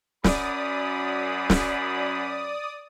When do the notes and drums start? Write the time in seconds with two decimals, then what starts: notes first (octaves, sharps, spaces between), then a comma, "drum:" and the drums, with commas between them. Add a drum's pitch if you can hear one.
0.24 F#2 D5 B5 D#6, drum: snare
1.50 drum: snare